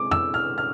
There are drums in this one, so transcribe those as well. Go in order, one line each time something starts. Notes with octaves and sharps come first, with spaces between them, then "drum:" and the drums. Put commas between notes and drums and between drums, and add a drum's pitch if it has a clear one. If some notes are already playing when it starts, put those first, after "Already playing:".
Already playing: C3 G#3 D6
E6, drum: tom
F6
F6